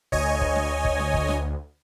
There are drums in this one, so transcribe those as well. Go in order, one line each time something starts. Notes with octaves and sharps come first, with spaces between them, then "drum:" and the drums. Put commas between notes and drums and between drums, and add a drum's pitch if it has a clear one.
D2 C#5 D#5 G#5, drum: kick
drum: kick
drum: snare
drum: kick
drum: snare
drum: kick
drum: snare